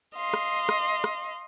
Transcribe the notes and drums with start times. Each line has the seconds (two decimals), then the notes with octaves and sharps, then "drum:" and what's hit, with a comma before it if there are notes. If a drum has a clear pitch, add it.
0.16 D#5 F5 C6
0.34 drum: rim click
0.69 drum: rim click
1.04 drum: rim click